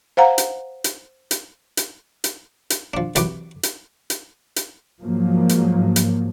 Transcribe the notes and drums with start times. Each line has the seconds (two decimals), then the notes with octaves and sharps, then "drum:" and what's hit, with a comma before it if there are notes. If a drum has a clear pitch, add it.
0.17 C5 F5 F#5 A#5
0.38 drum: hi-hat
0.84 drum: hi-hat
1.31 drum: hi-hat
1.77 drum: hi-hat
2.24 drum: hi-hat
2.70 drum: hi-hat
2.94 F3 D4
3.15 C2 E3 F#3 B4 D6, drum: hi-hat
3.63 drum: hi-hat
4.10 drum: hi-hat
4.56 drum: hi-hat
5.02 G#2 F3 F#3 A#3
5.49 drum: hi-hat
5.96 drum: hi-hat